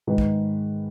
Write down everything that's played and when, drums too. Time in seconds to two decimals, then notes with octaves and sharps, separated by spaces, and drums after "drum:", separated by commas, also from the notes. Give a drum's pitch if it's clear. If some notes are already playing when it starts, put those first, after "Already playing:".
0.07 G#2 D#3 G#3 B4
0.18 drum: kick